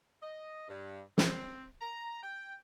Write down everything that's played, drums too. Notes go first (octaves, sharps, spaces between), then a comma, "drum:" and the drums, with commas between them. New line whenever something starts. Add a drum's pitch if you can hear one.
D#5
G2
C4, drum: snare
A#5
G5